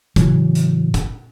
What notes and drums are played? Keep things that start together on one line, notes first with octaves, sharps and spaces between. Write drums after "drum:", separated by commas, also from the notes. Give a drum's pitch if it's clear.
A2 C#3 E3 F#3, drum: kick, hi-hat
drum: hi-hat
drum: kick, hi-hat